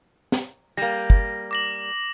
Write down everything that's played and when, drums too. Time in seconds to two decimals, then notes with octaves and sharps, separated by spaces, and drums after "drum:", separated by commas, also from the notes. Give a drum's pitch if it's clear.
0.32 drum: snare
0.77 G3 A#3 A#6
1.10 drum: kick
1.51 D6 A#6 F#7